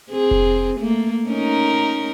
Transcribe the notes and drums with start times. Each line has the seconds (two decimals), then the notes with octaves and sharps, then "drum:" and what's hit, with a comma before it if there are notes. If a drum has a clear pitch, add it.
0.11 C4 G#4
0.31 drum: kick F1
0.79 A3 A#3
1.29 C#4 D#4 A#4